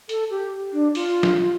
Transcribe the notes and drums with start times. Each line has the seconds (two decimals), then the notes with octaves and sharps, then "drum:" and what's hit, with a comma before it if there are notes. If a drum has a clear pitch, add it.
0.09 A4, drum: hi-hat
0.30 G4
0.73 D4
0.95 F4, drum: open hi-hat
1.23 drum: snare